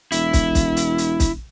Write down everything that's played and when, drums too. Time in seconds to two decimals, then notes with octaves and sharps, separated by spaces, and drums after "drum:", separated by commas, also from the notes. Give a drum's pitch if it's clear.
0.12 E1 E4, drum: hi-hat
0.33 drum: kick, hi-hat
0.55 drum: kick, hi-hat
0.77 drum: hi-hat
0.98 drum: hi-hat
1.20 drum: kick, hi-hat